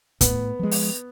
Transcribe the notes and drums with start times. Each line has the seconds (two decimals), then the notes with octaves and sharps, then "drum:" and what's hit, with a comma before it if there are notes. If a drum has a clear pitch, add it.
0.21 A2 B3, drum: kick, hi-hat
0.59 F3 G#3
0.71 drum: open hi-hat